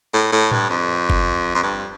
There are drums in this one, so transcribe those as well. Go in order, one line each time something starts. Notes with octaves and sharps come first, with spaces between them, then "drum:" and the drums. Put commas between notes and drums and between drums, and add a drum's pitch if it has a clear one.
A2
A2
G2, drum: tom A2
F2
drum: kick
F2
G2